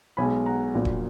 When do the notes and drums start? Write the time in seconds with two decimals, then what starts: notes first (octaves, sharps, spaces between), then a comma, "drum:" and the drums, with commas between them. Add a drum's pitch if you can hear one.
0.17 B1 B2 G#3 G#5 B5
0.46 F#5 A#5
0.75 A#1 A#2 F#3
0.85 drum: kick D#1